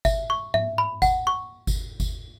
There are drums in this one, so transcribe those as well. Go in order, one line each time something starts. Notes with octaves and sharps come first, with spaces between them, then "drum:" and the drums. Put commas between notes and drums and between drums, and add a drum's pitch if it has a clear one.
E5, drum: kick G1, tambourine
C#6
E5, drum: tom G#2
B5
F#5, drum: kick G1, tambourine
C#6
drum: kick G1, tambourine
drum: kick G1, tambourine